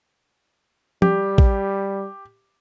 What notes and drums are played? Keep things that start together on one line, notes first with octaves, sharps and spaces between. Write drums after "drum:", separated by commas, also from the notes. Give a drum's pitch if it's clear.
G3 G4, drum: tom
drum: kick